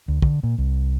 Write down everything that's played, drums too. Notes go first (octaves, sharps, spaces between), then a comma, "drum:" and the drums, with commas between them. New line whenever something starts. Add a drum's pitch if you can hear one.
D2
D3, drum: kick
A#2
C2